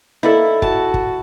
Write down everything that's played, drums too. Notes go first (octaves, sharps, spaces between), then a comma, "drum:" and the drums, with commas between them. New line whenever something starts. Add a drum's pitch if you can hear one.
A#3 E4 A4 D5 D#5
F#4 A5, drum: kick
drum: kick